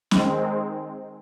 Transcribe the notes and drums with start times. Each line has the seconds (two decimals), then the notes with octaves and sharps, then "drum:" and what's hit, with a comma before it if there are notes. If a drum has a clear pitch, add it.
0.11 D#3 G#3 C4, drum: snare